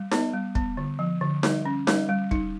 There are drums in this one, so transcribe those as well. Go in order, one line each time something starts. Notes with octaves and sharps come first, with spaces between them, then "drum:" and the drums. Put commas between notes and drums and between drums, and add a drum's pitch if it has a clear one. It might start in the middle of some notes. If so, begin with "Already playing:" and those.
Already playing: G3
B3, drum: snare D#4
G3
B3, drum: kick
D3
F3
D3
G3, drum: snare D#4
C#4
G3, drum: snare D#4
G3
D#4, drum: kick